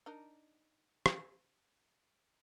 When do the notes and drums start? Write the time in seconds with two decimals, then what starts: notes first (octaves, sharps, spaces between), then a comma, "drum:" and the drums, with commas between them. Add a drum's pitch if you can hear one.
0.06 D4 D#4 A#4
1.06 drum: rim click